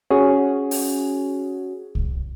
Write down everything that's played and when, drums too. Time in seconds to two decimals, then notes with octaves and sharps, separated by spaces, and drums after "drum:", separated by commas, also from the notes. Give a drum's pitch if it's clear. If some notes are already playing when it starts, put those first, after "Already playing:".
0.10 C#4 F#4 G#4
0.71 drum: open hi-hat
1.95 drum: kick C2